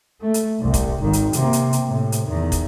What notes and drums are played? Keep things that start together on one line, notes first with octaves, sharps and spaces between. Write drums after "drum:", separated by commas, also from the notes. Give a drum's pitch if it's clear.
A3
drum: hi-hat
C2 C3
drum: kick, hi-hat
G#1 D#3
drum: hi-hat
C3 A#3, drum: hi-hat
drum: hi-hat
drum: hi-hat
A2 C3
drum: hi-hat
E2 D#3
drum: kick, hi-hat